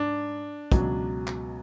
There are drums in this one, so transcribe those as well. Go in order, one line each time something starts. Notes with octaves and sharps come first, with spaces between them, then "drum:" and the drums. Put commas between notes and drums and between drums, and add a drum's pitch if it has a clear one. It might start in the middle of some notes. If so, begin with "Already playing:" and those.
Already playing: G#2 D4
C#2 B2 F#3, drum: kick, hi-hat
drum: clap